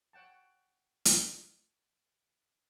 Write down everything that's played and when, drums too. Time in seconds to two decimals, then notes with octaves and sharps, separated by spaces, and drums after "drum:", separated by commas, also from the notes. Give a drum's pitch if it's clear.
0.13 C#5 F#5 G5 A5
1.05 drum: hi-hat